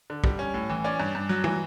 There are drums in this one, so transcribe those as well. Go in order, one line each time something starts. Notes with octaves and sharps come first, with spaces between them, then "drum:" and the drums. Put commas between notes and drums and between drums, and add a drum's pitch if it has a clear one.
D3
G3, drum: kick
C#4
A2
E3
C#4 D5
G2
G2
F#3
E3, drum: tom